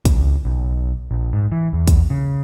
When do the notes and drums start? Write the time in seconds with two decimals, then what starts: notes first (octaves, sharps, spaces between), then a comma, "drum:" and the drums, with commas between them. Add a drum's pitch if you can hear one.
0.05 C#2, drum: kick, hi-hat
0.45 B1
1.11 A#1
1.33 G#2
1.52 E3
1.73 E2
1.88 drum: kick, hi-hat
2.10 C#3